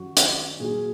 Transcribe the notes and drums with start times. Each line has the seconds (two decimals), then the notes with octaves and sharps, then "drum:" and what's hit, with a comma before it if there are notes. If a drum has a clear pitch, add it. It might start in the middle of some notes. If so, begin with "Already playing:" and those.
Already playing: F#2 D#3 F#3 F#4
0.17 drum: hi-hat
0.59 A#2 F#3 G#4